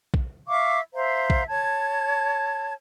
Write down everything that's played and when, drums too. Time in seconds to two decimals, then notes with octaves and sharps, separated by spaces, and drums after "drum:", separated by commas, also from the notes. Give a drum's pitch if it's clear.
0.14 drum: kick
0.48 E5 F5 C#6 D6
0.94 C5 E5 F5 A#5
1.30 drum: kick
1.49 C#5 A5 G#6